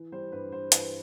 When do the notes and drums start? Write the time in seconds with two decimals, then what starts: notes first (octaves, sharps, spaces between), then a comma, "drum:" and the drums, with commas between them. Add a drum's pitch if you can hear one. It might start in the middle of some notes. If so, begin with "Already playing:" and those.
Already playing: E3
0.12 G3 C5
0.32 G2 B4
0.52 G2 C5
0.72 E3 B4, drum: hi-hat